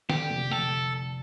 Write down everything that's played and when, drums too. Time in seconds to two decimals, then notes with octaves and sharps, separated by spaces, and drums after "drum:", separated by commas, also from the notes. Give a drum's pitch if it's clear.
0.10 D3 G4, drum: snare
0.30 F1
0.51 F1 A4